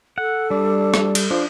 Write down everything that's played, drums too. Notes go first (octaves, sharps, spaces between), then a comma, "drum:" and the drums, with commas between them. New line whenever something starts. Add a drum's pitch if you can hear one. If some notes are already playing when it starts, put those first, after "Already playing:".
A4 F#5
G3 D4
drum: rim click
drum: cymbal
F3 D4